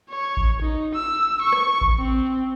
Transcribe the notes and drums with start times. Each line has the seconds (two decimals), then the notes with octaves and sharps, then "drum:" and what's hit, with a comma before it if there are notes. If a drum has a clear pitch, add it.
0.10 C#5
0.37 drum: kick A1
0.62 D#4
0.95 E6
1.42 C#6
1.53 drum: rim click
1.81 drum: kick A1
1.98 C4